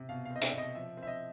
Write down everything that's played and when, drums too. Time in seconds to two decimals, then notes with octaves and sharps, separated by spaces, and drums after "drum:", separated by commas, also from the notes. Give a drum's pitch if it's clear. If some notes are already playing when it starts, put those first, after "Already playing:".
Already playing: C3
0.09 B2 F5
0.26 C4 F5
0.36 D#5
0.41 E5, drum: hi-hat
0.53 B2 D#5
0.75 F3 E5
0.97 C4
1.03 E5
1.07 D#5